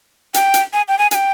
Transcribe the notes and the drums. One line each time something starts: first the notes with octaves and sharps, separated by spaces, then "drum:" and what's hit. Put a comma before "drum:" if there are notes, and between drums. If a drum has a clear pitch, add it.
G5, drum: hi-hat
drum: hi-hat
G#5
G5
G#5
G#5, drum: hi-hat
G5